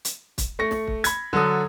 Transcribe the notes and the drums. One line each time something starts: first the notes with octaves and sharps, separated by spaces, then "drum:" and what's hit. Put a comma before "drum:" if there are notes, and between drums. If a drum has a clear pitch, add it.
drum: hi-hat
drum: kick, hi-hat
A3 C#6 A#6 C#7
drum: snare
drum: kick
B5 G#6, drum: hi-hat
D3 F#3 A4 D#6